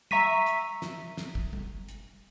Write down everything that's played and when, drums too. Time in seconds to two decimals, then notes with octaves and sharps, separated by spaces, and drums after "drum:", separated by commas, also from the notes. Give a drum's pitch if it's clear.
0.11 E5 A#5 C#6 B6 D#7, drum: tom
0.46 drum: hi-hat
0.82 drum: snare
1.17 drum: snare
1.35 drum: kick
1.53 drum: tom
1.89 drum: hi-hat